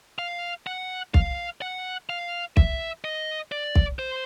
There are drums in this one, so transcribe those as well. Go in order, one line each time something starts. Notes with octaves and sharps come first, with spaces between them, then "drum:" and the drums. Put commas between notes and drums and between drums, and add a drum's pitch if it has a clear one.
F5
F#5
F5, drum: kick
F#5
F5
E5, drum: kick
D#5
D5
drum: kick
C5